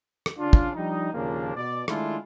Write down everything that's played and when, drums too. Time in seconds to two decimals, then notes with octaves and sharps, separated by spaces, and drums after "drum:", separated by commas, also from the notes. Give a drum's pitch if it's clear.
0.26 drum: rim click
0.38 C#3 D4 F4
0.53 drum: kick
0.75 F3 G3 D4 D#4
1.14 D#2 A#2 C#3 F3 A#3 D4
1.56 B2 D5
1.88 D#3 G#3 A3 D4 E4 F4, drum: rim click